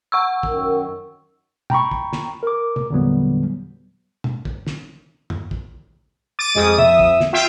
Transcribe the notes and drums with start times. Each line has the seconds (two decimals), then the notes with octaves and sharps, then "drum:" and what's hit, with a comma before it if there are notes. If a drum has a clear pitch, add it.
0.12 F#5 C#6 E6
0.43 F#2 D#3, drum: kick
1.70 G5 A#5 B5 C#6, drum: tom
1.91 drum: kick
2.13 drum: snare
2.43 A#4 D6
2.76 drum: tom
2.90 E2 A#2 D3 F#3 G3 B3
4.24 drum: tom
4.45 drum: kick
4.67 drum: snare
5.30 drum: tom
5.51 drum: kick
6.39 D6 A6 D#7
6.56 F2 G#3 D#6
6.78 E5, drum: tom
6.99 drum: kick
7.20 drum: snare
7.33 F4 E5 G5